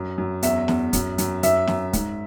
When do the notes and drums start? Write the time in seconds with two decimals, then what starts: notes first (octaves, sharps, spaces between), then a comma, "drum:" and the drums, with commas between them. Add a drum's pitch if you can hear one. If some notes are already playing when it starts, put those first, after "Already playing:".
Already playing: F#2
0.18 F#2
0.42 E2 E5, drum: hi-hat
0.68 E2, drum: snare
0.93 F#2, drum: kick, hi-hat
1.18 F#2, drum: hi-hat
1.43 F#2 E5, drum: hi-hat
1.67 F#2, drum: snare
1.93 G#2, drum: kick, hi-hat